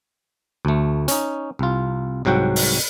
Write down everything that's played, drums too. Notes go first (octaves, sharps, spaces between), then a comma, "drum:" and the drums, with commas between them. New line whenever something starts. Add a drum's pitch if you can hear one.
D2 A3
C#4 D#4, drum: hi-hat
C2 F4
C2 G#2 F#3 F#4 G5
drum: open hi-hat